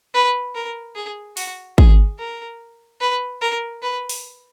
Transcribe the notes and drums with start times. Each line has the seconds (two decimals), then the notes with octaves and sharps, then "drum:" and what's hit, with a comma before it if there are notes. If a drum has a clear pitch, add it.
0.14 B4
0.55 A#4
0.96 G#4
1.37 F#4, drum: open hi-hat
1.78 G#4, drum: kick G#1
2.19 A#4
3.01 B4
3.41 A#4
3.82 B4
4.09 drum: open hi-hat